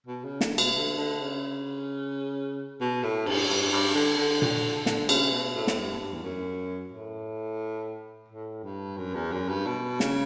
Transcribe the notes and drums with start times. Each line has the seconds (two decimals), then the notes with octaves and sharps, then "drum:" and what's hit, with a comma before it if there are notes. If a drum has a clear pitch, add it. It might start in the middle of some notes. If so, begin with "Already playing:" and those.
0.07 B2
0.24 C#3
0.41 D3, drum: snare
0.58 B2, drum: cymbal
0.75 D3
0.98 D3
1.21 C#3
2.80 B2
3.03 A2
3.26 G2, drum: cymbal
3.49 G2
3.72 G2
3.95 D3
4.18 D3
4.42 drum: tom A#2
4.86 D3, drum: snare
5.09 C#3, drum: cymbal
5.32 B2
5.55 A2
5.67 drum: snare
5.78 G2
6.00 G2
6.13 E2
6.23 F#2
6.92 A2
8.28 A2
8.63 G2
8.97 F#2
9.15 E2
9.32 F#2
9.49 G2
9.66 B2
10.00 C#3, drum: snare